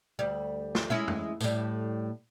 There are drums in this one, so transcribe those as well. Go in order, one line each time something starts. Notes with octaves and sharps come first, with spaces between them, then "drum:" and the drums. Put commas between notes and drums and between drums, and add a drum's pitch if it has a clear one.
D2 G3
drum: snare
G#3 C#4 E4
drum: tom F2
A2 G3, drum: tambourine